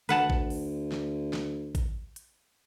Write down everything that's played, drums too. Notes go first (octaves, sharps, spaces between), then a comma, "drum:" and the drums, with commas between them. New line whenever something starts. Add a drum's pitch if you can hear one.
D2 B4 F#5 A5, drum: hi-hat
drum: kick A1
drum: open hi-hat
drum: snare
drum: snare
drum: kick A1, hi-hat
drum: hi-hat